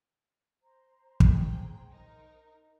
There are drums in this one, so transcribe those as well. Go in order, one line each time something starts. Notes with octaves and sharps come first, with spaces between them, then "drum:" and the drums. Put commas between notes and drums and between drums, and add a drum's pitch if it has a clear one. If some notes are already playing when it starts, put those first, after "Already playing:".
C5 A#5 C6
B1 G#4 G5, drum: kick
D#4 A#4